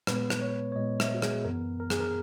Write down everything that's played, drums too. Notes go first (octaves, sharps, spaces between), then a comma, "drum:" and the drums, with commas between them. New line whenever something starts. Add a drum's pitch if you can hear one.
A#2 G#3 B3 B4, drum: rim click
drum: rim click
C#5
C#5
A#2 G#3 B3 D#5
E5, drum: rim click
F#4
G#4, drum: rim click
F#2 E3 B3 A#4
A#4
G#4, drum: rim click
A#4